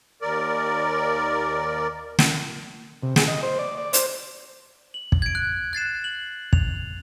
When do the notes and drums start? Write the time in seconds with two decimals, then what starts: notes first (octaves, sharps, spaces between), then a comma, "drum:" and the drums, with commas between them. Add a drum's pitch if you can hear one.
0.22 D#2 A#4 D5
2.19 drum: snare
3.03 C3
3.16 G#4, drum: snare
3.28 D#5
3.43 C5
3.59 D5
3.77 D5
3.93 C5, drum: hi-hat
4.94 F#7
5.12 drum: kick
5.22 G#6 D7
5.35 F#6
5.73 F#6 A6 C7 E7
6.04 F#7
6.53 F7, drum: kick